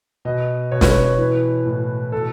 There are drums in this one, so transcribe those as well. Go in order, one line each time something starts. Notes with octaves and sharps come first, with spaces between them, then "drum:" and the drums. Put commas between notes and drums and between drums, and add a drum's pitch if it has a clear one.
B2 D#5
B2 C#5
B4, drum: snare
C#5
E3 B4
A2
B2 A4